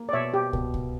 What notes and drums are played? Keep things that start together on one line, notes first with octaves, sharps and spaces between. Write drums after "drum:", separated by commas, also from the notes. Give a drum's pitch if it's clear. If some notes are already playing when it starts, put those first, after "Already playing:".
Already playing: A#3
D5
B2 C#5 E5
G4
B2, drum: kick
drum: kick